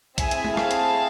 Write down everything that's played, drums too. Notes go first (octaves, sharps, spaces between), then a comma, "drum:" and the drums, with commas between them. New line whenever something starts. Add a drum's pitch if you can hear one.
A3 C4 E4 G#4 E5 G#5, drum: kick, hi-hat
drum: hi-hat
drum: tom G#3
F5 A5, drum: rim click
drum: hi-hat